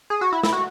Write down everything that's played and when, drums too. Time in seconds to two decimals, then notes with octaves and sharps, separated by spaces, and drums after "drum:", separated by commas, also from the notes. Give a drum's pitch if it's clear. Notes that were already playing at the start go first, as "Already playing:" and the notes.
0.10 G#4
0.21 F#4
0.33 E4
0.43 E4, drum: snare
0.53 F#4